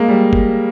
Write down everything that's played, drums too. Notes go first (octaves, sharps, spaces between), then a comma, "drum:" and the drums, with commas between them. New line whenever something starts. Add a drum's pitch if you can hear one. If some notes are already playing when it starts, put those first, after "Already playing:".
Already playing: G#3 A#3
G3
drum: kick F#1